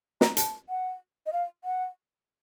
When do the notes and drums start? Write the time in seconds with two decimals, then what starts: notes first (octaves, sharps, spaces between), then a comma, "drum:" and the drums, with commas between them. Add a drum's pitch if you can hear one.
0.21 A#5, drum: snare
0.37 A5, drum: hi-hat
0.69 F#5
1.26 D#5
1.33 F5
1.64 F#5